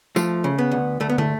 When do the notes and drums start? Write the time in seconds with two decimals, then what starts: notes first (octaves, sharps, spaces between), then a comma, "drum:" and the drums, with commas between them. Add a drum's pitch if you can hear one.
0.16 F3 A3, drum: tambourine
0.44 C#3
0.58 B3
0.71 D2
1.00 D2 A3
1.10 B3
1.18 A3, drum: tom